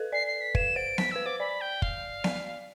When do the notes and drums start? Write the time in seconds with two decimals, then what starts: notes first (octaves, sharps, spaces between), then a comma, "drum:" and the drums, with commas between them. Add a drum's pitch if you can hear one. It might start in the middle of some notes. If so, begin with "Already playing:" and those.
Already playing: A4 B4
0.12 D5 C7
0.27 C7
0.41 B6
0.55 B4 E7, drum: kick
0.76 C5 D7
0.98 B6, drum: snare B3
1.11 B4 E6
1.26 C5 D6
1.40 D5 B5
1.61 G5
1.82 F5, drum: kick
2.24 D5, drum: snare B3